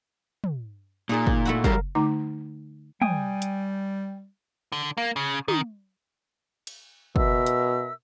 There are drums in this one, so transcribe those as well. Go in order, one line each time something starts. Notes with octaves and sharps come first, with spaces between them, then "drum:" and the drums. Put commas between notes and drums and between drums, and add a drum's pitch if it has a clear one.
drum: tom
A#2 D#4 G#4 A5
drum: kick
A3 E4 F#4
F#3 G3 A#4 F5 A5, drum: kick
D3 A3 D#4 A#5 D6
G3 G5 G#5 D#6, drum: tom
drum: hi-hat
D3
A#3
C#3
D#3, drum: tom
drum: cymbal
B2 A#4 E5 E6, drum: kick
drum: hi-hat